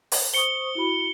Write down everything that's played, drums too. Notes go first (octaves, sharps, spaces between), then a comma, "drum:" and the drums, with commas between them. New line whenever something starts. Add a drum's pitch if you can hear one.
drum: open hi-hat
C5 C#6 D#6 C#7 G7
E4 F#4 B5